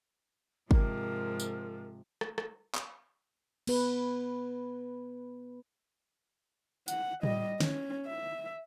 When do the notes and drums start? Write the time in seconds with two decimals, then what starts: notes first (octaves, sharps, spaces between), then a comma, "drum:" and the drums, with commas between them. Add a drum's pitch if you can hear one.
0.71 G#2 C3 F3 A#4, drum: kick
1.40 drum: tambourine
2.21 drum: rim click
2.38 drum: rim click
2.75 drum: clap
3.67 B3 B4, drum: cymbal
6.88 F#5, drum: hi-hat
7.23 G3 D#5, drum: tom A2
7.60 C#4, drum: snare
8.07 E5